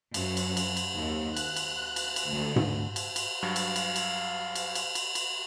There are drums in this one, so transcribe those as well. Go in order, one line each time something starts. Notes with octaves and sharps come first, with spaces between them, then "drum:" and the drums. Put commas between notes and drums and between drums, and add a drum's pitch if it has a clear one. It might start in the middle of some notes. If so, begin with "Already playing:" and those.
F#2, drum: cymbal
drum: cymbal
drum: cymbal
drum: cymbal
D#2
F#6, drum: cymbal
drum: cymbal
drum: cymbal
drum: cymbal
D2
drum: tom G#2
drum: cymbal
drum: cymbal
G2 F#3 F5
drum: cymbal
drum: cymbal
drum: cymbal
drum: cymbal
drum: cymbal
drum: cymbal
drum: cymbal